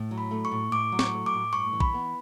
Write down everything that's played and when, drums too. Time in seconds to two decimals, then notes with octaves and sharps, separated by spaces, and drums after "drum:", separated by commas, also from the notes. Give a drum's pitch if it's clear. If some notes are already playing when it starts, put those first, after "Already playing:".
Already playing: A2
0.11 F#3
0.18 B5
0.31 A3
0.45 C#6
0.52 A2
0.71 A2 D6
0.92 F#3
0.99 C#6, drum: snare
1.13 A3
1.26 D6
1.33 A2
1.53 G2 C#6
1.73 E3
1.80 B5, drum: kick A#1
1.94 B3